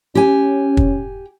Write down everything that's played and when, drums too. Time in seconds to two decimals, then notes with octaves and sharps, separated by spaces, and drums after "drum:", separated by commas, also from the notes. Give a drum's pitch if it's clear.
0.15 C#4 G4 G#5
0.77 drum: kick